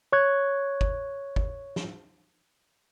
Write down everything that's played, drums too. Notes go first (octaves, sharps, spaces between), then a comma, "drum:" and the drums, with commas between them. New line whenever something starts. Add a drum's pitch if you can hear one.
C#5 C#6 F#6 G#6
drum: kick G1
drum: kick G1
drum: snare